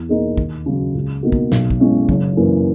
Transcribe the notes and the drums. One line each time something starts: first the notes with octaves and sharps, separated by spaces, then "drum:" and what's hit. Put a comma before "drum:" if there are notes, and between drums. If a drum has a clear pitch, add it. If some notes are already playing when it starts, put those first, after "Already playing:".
Already playing: E2
B2 A#3 D#4 G#4
D#2, drum: kick
C#3 F#3
C#2
B2 A#3 D#4 F#4
drum: kick
B1, drum: snare
drum: kick
B2 G#3 C#4 E4
F#1, drum: kick
F#2 E3 A#3